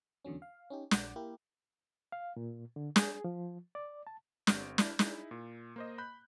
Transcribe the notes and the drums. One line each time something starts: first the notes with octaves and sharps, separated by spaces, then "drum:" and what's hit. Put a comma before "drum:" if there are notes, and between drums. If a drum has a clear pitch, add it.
E2 D3 F#3 C#4
F5
C#4 D#4 G4
A#1 F#5 D6, drum: snare
A#3 E4 G4 A#4
F5
A#2
D3
G#4, drum: snare
F3
D5
A5
G1 C4 G4 F6 D7, drum: snare
D4 E4, drum: snare
D#4 E4 G#4, drum: snare
A#2
A#3 C5 D#5
B5 F#6 G6